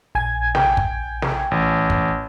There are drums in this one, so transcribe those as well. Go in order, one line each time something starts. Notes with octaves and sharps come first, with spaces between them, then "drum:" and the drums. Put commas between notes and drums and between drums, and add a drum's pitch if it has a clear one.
A#1 G#5 G#6
G5, drum: snare
drum: kick
drum: snare
A1
drum: kick